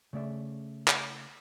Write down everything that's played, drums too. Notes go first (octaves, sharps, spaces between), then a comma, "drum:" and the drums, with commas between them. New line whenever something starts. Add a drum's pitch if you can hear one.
C#3 A3 D5 E5
drum: clap